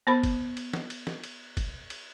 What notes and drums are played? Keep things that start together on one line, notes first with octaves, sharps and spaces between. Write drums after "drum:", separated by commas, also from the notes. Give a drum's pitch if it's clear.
B3 C5 B5
drum: kick, cymbal
drum: cymbal
drum: snare
drum: cymbal
drum: snare
drum: cymbal
drum: kick, cymbal
drum: cymbal